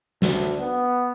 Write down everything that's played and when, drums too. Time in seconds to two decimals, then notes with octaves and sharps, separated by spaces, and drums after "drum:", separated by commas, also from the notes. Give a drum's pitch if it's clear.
0.22 D2, drum: snare
0.60 B3